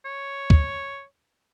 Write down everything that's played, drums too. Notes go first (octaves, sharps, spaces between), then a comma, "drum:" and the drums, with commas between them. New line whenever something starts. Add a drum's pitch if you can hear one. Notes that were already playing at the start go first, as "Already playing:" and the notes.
C#5
drum: kick D2